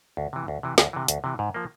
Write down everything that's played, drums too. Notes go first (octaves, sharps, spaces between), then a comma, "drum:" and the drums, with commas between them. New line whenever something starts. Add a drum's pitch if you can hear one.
D2
C3 E3
D2
C3 E3
D2, drum: snare
C3 E3
D2, drum: hi-hat
C3 E3
G#2
F3 A#3